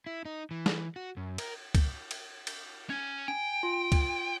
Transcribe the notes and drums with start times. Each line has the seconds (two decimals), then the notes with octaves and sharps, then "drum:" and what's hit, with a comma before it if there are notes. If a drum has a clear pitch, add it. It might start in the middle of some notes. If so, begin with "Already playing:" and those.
0.06 E4
0.25 D#4
0.51 E3
0.66 drum: snare
0.96 F#4
1.17 F#2
1.38 A#4, drum: cymbal
1.75 drum: kick, cymbal
2.11 drum: cymbal
2.47 drum: cymbal
2.90 C#4 G#6
3.28 G5 G#5
3.63 F4
3.92 drum: kick, cymbal